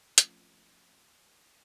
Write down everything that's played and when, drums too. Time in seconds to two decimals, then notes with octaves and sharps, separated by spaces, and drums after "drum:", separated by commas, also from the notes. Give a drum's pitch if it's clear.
0.18 F3 A3 C4 C#4 F4 C5, drum: hi-hat